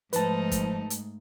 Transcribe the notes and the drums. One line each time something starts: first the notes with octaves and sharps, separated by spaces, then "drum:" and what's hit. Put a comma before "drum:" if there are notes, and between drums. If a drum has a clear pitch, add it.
G#2 F3 A3 D#4 B4 A5, drum: hi-hat
drum: kick, hi-hat
drum: hi-hat